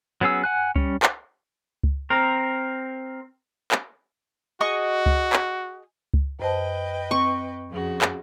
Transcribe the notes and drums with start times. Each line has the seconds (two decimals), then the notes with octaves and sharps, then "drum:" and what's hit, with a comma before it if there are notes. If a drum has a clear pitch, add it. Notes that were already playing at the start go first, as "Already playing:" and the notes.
0.21 F#3 B3 C#4 G#4 E6
0.44 F#5 G#5 F#6
0.76 G3 C#4, drum: kick C#2
1.03 drum: clap
1.84 drum: kick C#2
2.10 C4 A#4
3.72 drum: clap
4.61 F#4 G#4 D#5 C#6
5.06 drum: kick C#2
5.33 drum: clap
6.14 drum: kick C#2
6.40 F#2 B4 C5 D#5 G5 A5
7.11 C4 C#6
7.68 F2 C#3 F#4
8.02 drum: clap